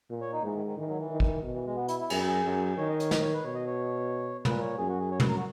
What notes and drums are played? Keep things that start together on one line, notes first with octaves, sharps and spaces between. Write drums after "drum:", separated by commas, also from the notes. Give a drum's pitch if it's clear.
A#2
C#5
D#4
G#2 E3
D#3
D#3
D#3 E3
F#3
E3
D#3
drum: kick
B2
E3
G#3
B3
E4, drum: hi-hat
E4
F#2 G#4, drum: cymbal
G#4
F#2
D#3 C#5
D#5
C#5, drum: hi-hat
D#5, drum: snare
C#5
B4
B2 C#5
D#5
C#5
A#2 B4, drum: tom
C#5
F#2 G#4
F#4
G#4
C#5
B4, drum: tom
A#4
F#4